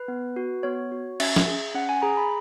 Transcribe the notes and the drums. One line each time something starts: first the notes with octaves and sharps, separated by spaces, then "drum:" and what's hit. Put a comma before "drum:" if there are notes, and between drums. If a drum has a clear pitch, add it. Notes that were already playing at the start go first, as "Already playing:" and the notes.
Already playing: B4
B3
F#4
B3 C#5
F#4
C#4 E5, drum: cymbal
drum: snare
G#4
C#4 F#5
G#5
G#4 A#5
B5